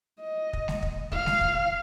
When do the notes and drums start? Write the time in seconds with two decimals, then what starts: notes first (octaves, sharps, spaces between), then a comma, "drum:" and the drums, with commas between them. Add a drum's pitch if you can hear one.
0.21 D#5
0.53 drum: kick
0.68 drum: snare G#3
0.82 drum: kick
1.12 F5, drum: kick
1.26 drum: snare G#3
1.41 drum: kick